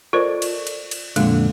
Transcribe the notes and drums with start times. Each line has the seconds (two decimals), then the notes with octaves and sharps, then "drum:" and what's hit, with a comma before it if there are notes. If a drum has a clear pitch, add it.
0.13 F4 A4 A#4 C5 D5 D#5
0.42 drum: cymbal
0.67 drum: cymbal
0.91 drum: cymbal
1.16 F2 A#2 D3 G#3, drum: cymbal